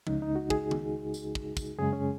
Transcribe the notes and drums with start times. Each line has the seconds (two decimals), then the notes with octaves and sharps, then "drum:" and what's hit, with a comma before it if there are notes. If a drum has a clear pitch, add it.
0.07 C#2 C#3 G#3 D#4, drum: tom F3
0.22 D#4
0.35 F#4
0.50 G#4, drum: kick
0.71 drum: tom D#3
1.14 drum: tambourine
1.35 drum: kick
1.57 drum: kick, tambourine
1.78 F#2 C#3 G#3 G#4
1.93 C#4